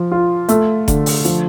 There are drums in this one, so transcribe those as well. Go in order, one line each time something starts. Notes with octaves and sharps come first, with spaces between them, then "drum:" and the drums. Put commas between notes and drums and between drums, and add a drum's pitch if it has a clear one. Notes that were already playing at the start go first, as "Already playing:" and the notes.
Already playing: F3
F4
A3, drum: hi-hat
D3, drum: kick F#1, hi-hat
drum: open hi-hat
F3, drum: hi-hat